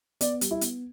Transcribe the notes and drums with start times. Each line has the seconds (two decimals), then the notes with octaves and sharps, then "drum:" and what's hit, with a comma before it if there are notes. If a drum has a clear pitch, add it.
0.21 B3 D5, drum: hi-hat
0.41 G3, drum: hi-hat
0.51 E4
0.61 B3, drum: hi-hat